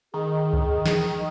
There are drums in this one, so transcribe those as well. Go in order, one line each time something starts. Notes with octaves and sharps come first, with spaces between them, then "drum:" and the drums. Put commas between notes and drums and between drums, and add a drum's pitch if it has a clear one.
D#3 G#4
drum: kick
drum: snare